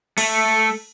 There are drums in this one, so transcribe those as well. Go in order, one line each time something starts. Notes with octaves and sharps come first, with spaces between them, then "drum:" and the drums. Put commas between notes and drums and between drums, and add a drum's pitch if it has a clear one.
A3, drum: cymbal